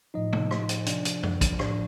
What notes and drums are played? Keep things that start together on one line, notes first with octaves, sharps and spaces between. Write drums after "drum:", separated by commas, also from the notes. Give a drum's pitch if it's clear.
A2 F3 D#4 D#5
drum: tom
drum: rim click
drum: hi-hat
C3 F3 D4 D5, drum: hi-hat
drum: hi-hat
drum: tom F#2
drum: kick, hi-hat
A2 F3 D4 D5, drum: rim click